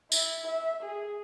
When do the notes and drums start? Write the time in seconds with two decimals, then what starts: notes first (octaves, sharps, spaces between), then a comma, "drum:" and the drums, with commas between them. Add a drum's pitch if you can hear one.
0.12 E4, drum: tambourine
0.48 E5
0.83 G#4